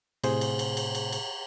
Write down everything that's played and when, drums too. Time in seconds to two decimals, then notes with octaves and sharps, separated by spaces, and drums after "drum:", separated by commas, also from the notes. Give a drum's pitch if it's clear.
0.24 A2 C3 G#4 C5, drum: cymbal
0.41 drum: cymbal
0.59 drum: cymbal
0.77 drum: cymbal
0.95 drum: cymbal
1.12 drum: cymbal